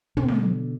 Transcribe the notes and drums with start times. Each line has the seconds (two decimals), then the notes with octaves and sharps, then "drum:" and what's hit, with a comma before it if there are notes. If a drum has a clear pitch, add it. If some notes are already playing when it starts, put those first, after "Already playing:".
0.17 B2 D3, drum: tom
0.28 drum: snare